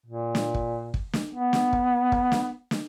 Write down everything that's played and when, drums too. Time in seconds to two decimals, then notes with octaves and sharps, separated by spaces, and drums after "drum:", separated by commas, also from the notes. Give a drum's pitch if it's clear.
0.06 A#2
0.35 drum: snare
0.54 drum: kick
0.94 drum: kick
1.13 drum: snare
1.33 B3
1.53 drum: snare
1.73 drum: kick
2.12 drum: kick
2.32 drum: snare
2.71 drum: snare